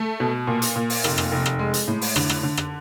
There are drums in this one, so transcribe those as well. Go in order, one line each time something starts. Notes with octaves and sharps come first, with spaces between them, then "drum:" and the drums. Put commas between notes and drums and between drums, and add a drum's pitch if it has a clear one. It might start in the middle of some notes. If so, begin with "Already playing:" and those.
Already playing: A3
B2
A#2
drum: hi-hat
A#2
drum: open hi-hat
F1, drum: rim click
drum: rim click
F1
drum: rim click
G#3
drum: hi-hat
A2
drum: open hi-hat
D3, drum: rim click
drum: rim click
D3
drum: rim click